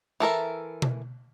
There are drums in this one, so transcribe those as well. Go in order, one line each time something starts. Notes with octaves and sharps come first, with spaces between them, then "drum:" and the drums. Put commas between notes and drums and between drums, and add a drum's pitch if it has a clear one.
E3 A4 A#4 E5
drum: tom B2